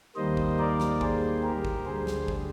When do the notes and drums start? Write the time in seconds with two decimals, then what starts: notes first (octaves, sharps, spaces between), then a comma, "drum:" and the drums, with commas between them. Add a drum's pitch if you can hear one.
0.16 D#2 D#3 G3 A#3 C5 D#5
0.37 drum: kick
0.58 A#4 D5
0.80 drum: snare
1.01 G#4 C5, drum: kick
1.43 G4 A#4
1.65 drum: kick
1.85 D2 D3 G3 G#4 C5
2.07 drum: snare
2.28 drum: kick